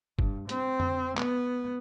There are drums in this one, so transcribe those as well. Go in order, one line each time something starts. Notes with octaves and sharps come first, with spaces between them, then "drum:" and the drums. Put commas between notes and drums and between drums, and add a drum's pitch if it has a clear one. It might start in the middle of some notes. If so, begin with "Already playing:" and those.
G2, drum: kick
C4, drum: hi-hat
drum: tom F2
B3, drum: clap